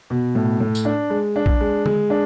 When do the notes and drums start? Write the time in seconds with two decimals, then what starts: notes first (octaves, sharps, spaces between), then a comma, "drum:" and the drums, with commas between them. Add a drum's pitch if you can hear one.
0.10 B2
0.35 A2
0.60 A2
0.75 drum: tambourine
0.85 D4
1.10 G#3
1.36 D4
1.46 drum: kick A#1
1.60 G#3
1.86 G#3, drum: tom D3
2.10 D4